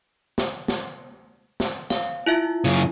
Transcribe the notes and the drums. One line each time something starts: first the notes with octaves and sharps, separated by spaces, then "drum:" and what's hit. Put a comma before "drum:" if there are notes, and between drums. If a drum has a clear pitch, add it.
drum: snare
drum: snare
drum: snare
F5, drum: snare
E4 F4 E5
F#2 C#3